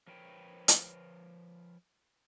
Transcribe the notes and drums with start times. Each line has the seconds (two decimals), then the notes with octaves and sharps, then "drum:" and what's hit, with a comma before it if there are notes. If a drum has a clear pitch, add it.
0.07 F3 A#4 B4 C#5 G5
0.68 drum: hi-hat